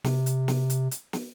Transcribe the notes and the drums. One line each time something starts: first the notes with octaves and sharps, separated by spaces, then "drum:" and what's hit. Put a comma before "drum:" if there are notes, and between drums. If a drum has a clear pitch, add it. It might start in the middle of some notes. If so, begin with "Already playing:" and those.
C3, drum: snare
drum: hi-hat
drum: snare
drum: hi-hat
drum: hi-hat
drum: snare